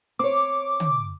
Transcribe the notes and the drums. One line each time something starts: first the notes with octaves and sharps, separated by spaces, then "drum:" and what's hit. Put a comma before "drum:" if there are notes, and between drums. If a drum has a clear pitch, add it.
C4 C#5 D6
drum: tom